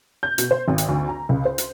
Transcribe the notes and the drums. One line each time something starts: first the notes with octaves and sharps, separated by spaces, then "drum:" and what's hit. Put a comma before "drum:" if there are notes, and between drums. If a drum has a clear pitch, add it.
G6
B2, drum: hi-hat
C5
G#1
drum: hi-hat
D2
A#5
C#2
C5
drum: hi-hat